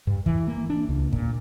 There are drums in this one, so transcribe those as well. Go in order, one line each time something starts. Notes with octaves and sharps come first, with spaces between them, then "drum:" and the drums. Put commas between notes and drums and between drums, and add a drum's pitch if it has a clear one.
G2
E3, drum: kick
A#3
D4
C#2
A#2, drum: kick